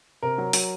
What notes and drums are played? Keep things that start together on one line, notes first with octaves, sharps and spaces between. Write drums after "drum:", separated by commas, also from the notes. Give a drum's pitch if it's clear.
C3 A#4
F#3
F#3, drum: open hi-hat